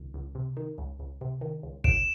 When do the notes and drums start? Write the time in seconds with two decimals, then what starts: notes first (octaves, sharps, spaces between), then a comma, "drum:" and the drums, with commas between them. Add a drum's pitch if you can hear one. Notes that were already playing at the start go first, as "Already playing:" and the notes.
Already playing: C#2 D#3
0.14 C#2
0.35 C3
0.57 D#3
0.78 C#2
0.99 C#2
1.21 C3
1.41 D#3
1.63 C#2
1.84 C#2 D7 E7, drum: kick